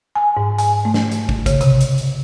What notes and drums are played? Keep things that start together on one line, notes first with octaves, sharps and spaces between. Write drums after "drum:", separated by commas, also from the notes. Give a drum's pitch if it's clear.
G#5
G#2
G#5, drum: hi-hat
A3
drum: snare
drum: hi-hat
drum: kick
C#3, drum: kick, hi-hat
C3, drum: hi-hat
drum: hi-hat
drum: hi-hat